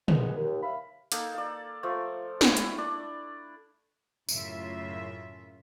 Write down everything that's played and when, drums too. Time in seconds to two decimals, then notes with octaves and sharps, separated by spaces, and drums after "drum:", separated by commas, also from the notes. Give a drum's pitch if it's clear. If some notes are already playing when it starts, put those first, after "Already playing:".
0.08 A#2 G#3 B3, drum: tom
0.36 D#2
0.63 E5 F5 B5
1.12 A#3 D#4 A4, drum: hi-hat
1.34 D5 F5
1.83 F3 A3
2.41 E4, drum: snare
2.57 drum: hi-hat
2.78 D4 D5
4.29 F#2 A2 C#3 F4 E5, drum: tambourine